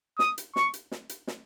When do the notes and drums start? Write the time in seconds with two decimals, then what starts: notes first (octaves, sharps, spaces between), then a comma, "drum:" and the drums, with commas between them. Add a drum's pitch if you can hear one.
0.19 D#6, drum: snare
0.38 drum: hi-hat
0.56 C#6, drum: snare
0.74 drum: hi-hat
0.92 drum: snare
1.09 drum: hi-hat
1.27 drum: snare